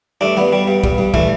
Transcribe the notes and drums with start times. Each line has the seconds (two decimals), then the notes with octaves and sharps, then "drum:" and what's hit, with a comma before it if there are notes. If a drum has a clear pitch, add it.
0.21 G2 A3 D4
0.37 G2 B3
0.53 G3
0.67 G2
0.84 G2, drum: kick
0.98 G2
1.14 E3 A3, drum: kick